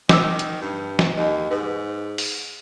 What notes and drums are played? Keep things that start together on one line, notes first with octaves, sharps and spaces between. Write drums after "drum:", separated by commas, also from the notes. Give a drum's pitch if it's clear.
D#3 D6 E6, drum: snare
drum: hi-hat
G2
drum: snare
D#2 D#5
G#2 B4
drum: open hi-hat